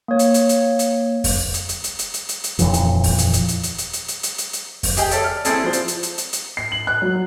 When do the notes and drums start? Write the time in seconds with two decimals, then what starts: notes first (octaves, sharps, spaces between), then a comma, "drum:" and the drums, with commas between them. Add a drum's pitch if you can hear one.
0.08 A#3 C#5
0.19 drum: hi-hat
0.34 drum: hi-hat
0.49 drum: hi-hat
0.79 drum: hi-hat
1.24 drum: kick F2, open hi-hat
1.54 drum: hi-hat
1.69 drum: hi-hat
1.84 drum: hi-hat
1.99 drum: hi-hat
2.14 drum: hi-hat
2.29 drum: hi-hat
2.44 drum: hi-hat
2.59 D#1 F2 E3 F3, drum: hi-hat
2.74 drum: hi-hat
3.04 drum: kick F2, open hi-hat
3.19 drum: hi-hat
3.34 drum: hi-hat
3.49 drum: hi-hat
3.63 drum: hi-hat
3.78 drum: hi-hat
3.93 drum: hi-hat
4.08 drum: hi-hat
4.23 drum: hi-hat
4.38 drum: hi-hat
4.53 drum: hi-hat
4.83 drum: kick F2, open hi-hat
4.97 G4 G#4 D#5 G5, drum: hi-hat
5.11 A4 C#5 D5 E5, drum: hi-hat
5.24 F6
5.45 C4 E4 G#4 A4 D5, drum: hi-hat
5.64 F3 C5
5.73 drum: hi-hat
5.88 drum: hi-hat
6.03 drum: hi-hat
6.18 drum: hi-hat
6.33 drum: hi-hat
6.57 C7
6.72 F#7
6.87 F#6
7.02 F#3